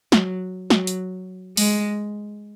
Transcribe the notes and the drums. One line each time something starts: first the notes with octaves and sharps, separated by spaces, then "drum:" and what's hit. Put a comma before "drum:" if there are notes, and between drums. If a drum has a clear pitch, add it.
F#3, drum: snare
F#3, drum: snare
drum: hi-hat
G#3, drum: open hi-hat